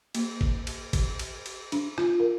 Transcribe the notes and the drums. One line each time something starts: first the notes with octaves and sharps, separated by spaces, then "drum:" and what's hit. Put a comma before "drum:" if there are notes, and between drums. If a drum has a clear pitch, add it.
A#3, drum: cymbal
drum: kick
drum: cymbal
drum: kick, cymbal
drum: cymbal
drum: cymbal
D4, drum: cymbal
F4, drum: rim click
A#4